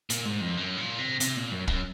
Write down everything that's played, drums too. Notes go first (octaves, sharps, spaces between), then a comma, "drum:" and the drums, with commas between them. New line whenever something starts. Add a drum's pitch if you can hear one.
A#2, drum: hi-hat
G#2
F2
F#2
A#2
C3
C3, drum: hi-hat
A#2
F#2
F#2, drum: kick